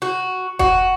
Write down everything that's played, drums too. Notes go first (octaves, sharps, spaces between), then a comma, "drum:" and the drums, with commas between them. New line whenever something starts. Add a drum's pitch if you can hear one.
F#4
F#4, drum: kick F1